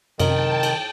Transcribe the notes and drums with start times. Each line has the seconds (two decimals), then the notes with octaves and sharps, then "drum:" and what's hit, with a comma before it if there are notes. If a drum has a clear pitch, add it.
0.20 F#2 C3 D#3 G5 A5, drum: cymbal
0.63 drum: cymbal